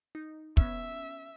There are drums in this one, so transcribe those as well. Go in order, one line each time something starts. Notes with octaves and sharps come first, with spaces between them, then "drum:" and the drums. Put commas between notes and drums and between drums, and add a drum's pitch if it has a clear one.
D#4
B3 C#4 E5, drum: kick